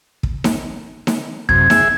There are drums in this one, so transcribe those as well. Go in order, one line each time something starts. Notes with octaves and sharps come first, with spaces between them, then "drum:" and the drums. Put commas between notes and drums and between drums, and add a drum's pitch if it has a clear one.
drum: kick
drum: snare D#4
drum: snare D#4
F#2 C3 G#6, drum: kick
G#4 E5, drum: snare D#4